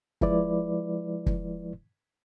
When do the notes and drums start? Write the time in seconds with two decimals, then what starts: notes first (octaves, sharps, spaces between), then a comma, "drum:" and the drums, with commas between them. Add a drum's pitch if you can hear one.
0.21 F3 G#3 E4 B4 D5, drum: kick
1.26 drum: kick